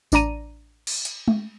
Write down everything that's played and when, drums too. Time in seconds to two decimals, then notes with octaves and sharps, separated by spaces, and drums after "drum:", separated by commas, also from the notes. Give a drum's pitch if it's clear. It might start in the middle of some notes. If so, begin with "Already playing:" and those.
0.12 A1 D4 D5 A#5 D#7, drum: tambourine
0.87 drum: cymbal
1.05 drum: hi-hat
1.28 drum: tom G#3